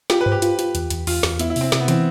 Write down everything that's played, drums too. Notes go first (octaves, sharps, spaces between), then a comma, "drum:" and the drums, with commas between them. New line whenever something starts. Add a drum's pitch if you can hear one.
F4 G4, drum: snare
B4
C5, drum: tom G2
G4
F4, drum: hi-hat
F4, drum: hi-hat
E2, drum: hi-hat
E2, drum: hi-hat
E2 F4, drum: open hi-hat
E2, drum: snare
B3 E4, drum: hi-hat
E4
C3 C4, drum: open hi-hat
C3, drum: snare
B3
E3 C4, drum: hi-hat